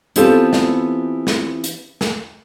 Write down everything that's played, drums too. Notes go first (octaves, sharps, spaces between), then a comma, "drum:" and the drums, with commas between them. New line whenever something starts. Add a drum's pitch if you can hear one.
E3 B3 C4 F4 G4 A4, drum: hi-hat
drum: snare
drum: snare
drum: hi-hat
drum: snare